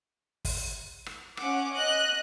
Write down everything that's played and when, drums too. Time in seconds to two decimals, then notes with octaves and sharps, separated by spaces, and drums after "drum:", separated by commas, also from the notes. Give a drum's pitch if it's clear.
0.45 drum: kick, open hi-hat
1.06 drum: rim click
1.37 C#4 F#5 D6, drum: rim click
1.71 D#5 F#6